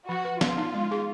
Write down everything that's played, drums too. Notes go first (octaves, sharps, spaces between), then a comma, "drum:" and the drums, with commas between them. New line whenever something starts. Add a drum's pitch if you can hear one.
F3 F#4
B4
B3 F4, drum: snare
D#4
G#3
G#4